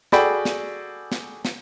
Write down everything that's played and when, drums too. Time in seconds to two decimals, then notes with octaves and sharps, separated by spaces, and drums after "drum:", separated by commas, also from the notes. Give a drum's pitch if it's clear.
0.12 F#4 G#4 A4 D5 G5 B5, drum: snare
0.45 drum: snare
1.12 drum: snare
1.45 drum: snare